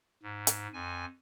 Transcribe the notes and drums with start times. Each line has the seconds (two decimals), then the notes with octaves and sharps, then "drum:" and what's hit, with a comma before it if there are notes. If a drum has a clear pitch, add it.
0.23 G#2
0.47 drum: hi-hat
0.74 F2 G#5